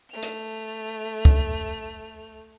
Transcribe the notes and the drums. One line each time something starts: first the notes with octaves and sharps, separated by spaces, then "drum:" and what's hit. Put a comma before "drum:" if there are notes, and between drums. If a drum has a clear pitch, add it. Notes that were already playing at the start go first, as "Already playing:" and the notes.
A3 F7
drum: hi-hat
drum: kick